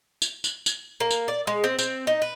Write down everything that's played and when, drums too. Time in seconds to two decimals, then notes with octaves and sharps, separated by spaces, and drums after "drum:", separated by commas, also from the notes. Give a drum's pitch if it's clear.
0.22 drum: tambourine
0.44 drum: tambourine
0.66 drum: tambourine
1.00 A#3
1.11 drum: tambourine
1.28 D5
1.47 G#3
1.64 C4
1.79 C4, drum: tambourine
2.07 D#4
2.22 B4